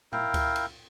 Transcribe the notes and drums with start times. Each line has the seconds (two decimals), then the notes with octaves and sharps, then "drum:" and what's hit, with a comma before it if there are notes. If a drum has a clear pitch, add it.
0.13 E4 A#4 F5 G5, drum: tom A2
0.34 drum: kick C#2, cymbal
0.56 drum: cymbal